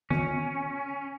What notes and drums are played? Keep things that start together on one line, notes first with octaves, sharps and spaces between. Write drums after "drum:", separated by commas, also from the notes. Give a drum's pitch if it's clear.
C#4, drum: tom D#3